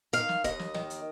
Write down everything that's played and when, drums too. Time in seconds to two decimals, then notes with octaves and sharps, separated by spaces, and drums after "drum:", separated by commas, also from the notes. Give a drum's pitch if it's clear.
0.13 D#3 F5, drum: hi-hat
0.29 drum: snare
0.44 D#2 D#5, drum: kick F1, hi-hat
0.59 drum: snare
0.74 D#3, drum: snare
0.90 drum: hi-hat